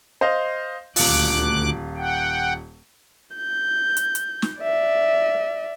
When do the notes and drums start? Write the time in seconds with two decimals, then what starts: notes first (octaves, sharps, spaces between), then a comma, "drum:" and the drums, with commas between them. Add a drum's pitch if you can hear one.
0.21 C5 D#5 F5
0.96 D#1 D2 F4 D6 F#6, drum: open hi-hat
1.97 F#5 G5
3.37 G6
3.97 drum: hi-hat
4.15 drum: hi-hat
4.42 drum: snare
4.60 D5 E5